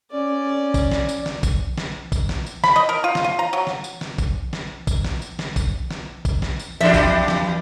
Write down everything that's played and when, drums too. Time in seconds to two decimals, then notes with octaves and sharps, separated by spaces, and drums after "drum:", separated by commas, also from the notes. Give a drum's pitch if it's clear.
0.11 C#4 D5
0.74 drum: kick A1, tambourine
0.91 drum: snare
1.09 drum: tambourine
1.26 drum: snare
1.43 drum: kick A1, tambourine
1.78 drum: snare
2.12 drum: kick A1, tambourine
2.29 drum: snare
2.46 drum: tambourine
2.64 B5, drum: snare
2.76 D#5
2.89 A#4
3.04 F4
3.15 drum: snare
3.24 F4
3.39 A#5
3.53 F#3
3.67 drum: snare
3.84 drum: tambourine
4.01 drum: snare
4.18 drum: kick A1, tambourine
4.53 drum: snare
4.87 drum: kick A1, tambourine
5.04 drum: snare
5.22 drum: tambourine
5.39 drum: snare
5.56 drum: kick A1, tambourine
5.91 drum: snare
6.25 drum: kick A1, tambourine
6.42 drum: snare
6.59 drum: tambourine
6.81 E2 G2 D4 E5
6.94 drum: kick A1, tambourine
7.28 drum: snare